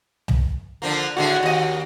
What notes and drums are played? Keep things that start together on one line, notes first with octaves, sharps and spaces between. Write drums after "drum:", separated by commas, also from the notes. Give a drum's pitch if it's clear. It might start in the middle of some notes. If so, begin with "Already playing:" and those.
drum: tom
D3 F3 A#3
A2 D3 G#3 F#4
D#2 D#5